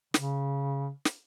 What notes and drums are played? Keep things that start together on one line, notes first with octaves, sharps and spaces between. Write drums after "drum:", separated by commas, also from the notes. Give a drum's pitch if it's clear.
C#3, drum: snare
drum: snare